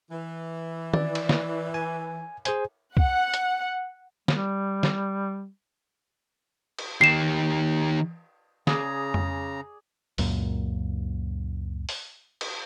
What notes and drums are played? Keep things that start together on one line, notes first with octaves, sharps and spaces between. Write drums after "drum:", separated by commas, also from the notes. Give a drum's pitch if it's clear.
E3
D5, drum: tom D#3
drum: cymbal
drum: snare
G#5
G#4 C5 G#5, drum: hi-hat
F#5, drum: kick C2
drum: hi-hat
G3, drum: snare
drum: snare
drum: cymbal
D#3 G4 C7 E7
C#3 G#4 D5 A#5, drum: snare
drum: tom F2
C#2 F#2 A#2, drum: open hi-hat
drum: open hi-hat
drum: cymbal